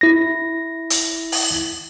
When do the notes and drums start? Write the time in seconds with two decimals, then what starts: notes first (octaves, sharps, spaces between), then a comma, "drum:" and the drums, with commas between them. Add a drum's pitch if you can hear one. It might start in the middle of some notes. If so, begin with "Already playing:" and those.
0.01 E4 A#6
0.90 drum: hi-hat
1.32 drum: open hi-hat